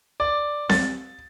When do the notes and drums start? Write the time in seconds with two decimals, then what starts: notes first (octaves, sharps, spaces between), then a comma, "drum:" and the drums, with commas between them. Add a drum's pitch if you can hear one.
0.20 D5
0.70 A6, drum: snare C4